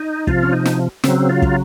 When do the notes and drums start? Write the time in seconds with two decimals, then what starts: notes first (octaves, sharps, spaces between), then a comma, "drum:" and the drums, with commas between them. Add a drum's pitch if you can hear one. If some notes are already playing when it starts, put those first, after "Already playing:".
Already playing: D#4
0.27 C3 F3 F4, drum: kick
0.43 C#4
0.53 D#4
0.65 drum: snare
1.04 C#3 F#3 C4, drum: snare
1.29 F4
1.42 drum: kick